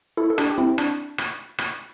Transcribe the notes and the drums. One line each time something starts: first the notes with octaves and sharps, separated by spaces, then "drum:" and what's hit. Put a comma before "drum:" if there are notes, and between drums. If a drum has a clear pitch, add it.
E4 A4
A4
D4 G4, drum: rim click
G4
C4 E4
D4, drum: rim click
drum: rim click
drum: rim click